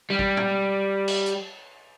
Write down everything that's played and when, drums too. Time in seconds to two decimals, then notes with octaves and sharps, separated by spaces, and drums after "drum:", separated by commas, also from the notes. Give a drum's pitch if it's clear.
0.10 G3
0.19 drum: kick
0.37 drum: tom
1.08 drum: cymbal
1.26 drum: hi-hat